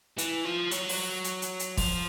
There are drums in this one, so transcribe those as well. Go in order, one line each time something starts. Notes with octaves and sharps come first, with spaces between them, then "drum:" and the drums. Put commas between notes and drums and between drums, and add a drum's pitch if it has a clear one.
E3, drum: hi-hat
F3
F#3, drum: hi-hat
drum: open hi-hat
drum: hi-hat
drum: hi-hat
drum: hi-hat
F3, drum: kick, open hi-hat